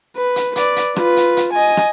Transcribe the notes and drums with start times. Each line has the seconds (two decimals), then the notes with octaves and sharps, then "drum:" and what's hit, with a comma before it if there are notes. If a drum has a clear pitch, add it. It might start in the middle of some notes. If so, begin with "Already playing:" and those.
0.17 B4
0.36 drum: hi-hat
0.56 B4 D5, drum: hi-hat
0.76 drum: hi-hat
0.96 F4 B4, drum: rim click
1.17 drum: hi-hat
1.37 drum: hi-hat
1.53 D#5 G#5
1.77 drum: rim click